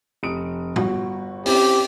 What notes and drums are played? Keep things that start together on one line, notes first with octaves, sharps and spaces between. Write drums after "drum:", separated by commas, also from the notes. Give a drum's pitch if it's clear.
F1 D#6 D7
G1 F#4, drum: tom
C4 C#4 E4 G4, drum: open hi-hat